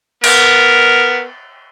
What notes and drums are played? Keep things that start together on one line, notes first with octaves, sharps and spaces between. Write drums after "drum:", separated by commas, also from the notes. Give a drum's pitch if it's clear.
B3 A#4, drum: cymbal